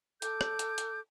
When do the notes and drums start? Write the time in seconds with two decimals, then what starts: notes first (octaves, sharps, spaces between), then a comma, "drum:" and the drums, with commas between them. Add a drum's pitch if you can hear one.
0.22 A4 D6 G6, drum: hi-hat
0.41 drum: rim click
0.59 drum: hi-hat
0.78 drum: hi-hat